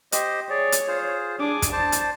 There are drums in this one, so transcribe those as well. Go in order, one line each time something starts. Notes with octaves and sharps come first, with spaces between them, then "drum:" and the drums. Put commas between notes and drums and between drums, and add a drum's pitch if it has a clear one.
G4 C5 D#5, drum: hi-hat
G#4 C#5 D5
drum: hi-hat
F4 G#4 C5
D4 G#4 D6
drum: kick, hi-hat
C5 D5 A5
drum: hi-hat